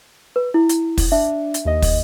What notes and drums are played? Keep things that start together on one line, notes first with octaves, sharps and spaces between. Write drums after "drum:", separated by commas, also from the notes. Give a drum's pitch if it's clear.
B4
E4
drum: hi-hat
drum: kick, open hi-hat
D4 E5
drum: hi-hat
D#2 D#5
drum: kick, open hi-hat